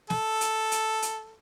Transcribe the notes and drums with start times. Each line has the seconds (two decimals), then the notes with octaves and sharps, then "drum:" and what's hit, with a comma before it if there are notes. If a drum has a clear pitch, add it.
0.10 A4, drum: snare
0.41 drum: hi-hat
0.72 drum: hi-hat
1.02 drum: hi-hat